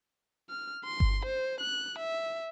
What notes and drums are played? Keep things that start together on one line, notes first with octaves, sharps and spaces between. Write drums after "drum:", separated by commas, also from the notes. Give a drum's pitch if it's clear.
F6
C6
drum: kick G1
C5
F#6
E5